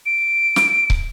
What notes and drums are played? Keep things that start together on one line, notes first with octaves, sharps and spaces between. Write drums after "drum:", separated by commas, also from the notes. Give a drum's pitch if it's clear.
D7
drum: snare
drum: kick